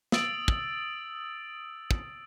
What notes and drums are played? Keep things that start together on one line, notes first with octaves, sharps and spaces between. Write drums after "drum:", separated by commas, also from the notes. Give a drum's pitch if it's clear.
D#6 E6 A6 D7 F#7, drum: snare
drum: kick
drum: kick